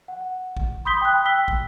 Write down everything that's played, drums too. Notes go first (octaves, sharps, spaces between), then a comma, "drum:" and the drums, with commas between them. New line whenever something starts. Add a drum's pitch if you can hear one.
F#5
drum: kick
B5 C6 D#6 G6 B6 G7
G5 B5 D#6 F#6
G5 E6 B6 G7
drum: kick